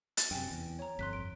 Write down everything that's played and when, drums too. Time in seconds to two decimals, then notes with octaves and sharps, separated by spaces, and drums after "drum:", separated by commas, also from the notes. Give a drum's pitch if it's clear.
0.17 A6, drum: hi-hat
0.31 F#2 C3 G5 G#5
0.51 E2
0.79 C#5 A#5
0.99 G1 F2 C6 F#6 B6
1.13 D7